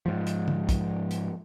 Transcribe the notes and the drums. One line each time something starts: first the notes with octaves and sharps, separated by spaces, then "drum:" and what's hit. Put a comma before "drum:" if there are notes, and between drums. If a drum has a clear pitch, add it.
G#2 F3
drum: hi-hat
drum: tom
drum: kick, hi-hat
drum: hi-hat